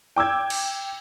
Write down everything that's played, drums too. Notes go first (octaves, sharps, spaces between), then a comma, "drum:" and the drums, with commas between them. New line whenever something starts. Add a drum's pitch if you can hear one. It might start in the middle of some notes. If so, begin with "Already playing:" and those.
G5 D6 E6 G#6
drum: cymbal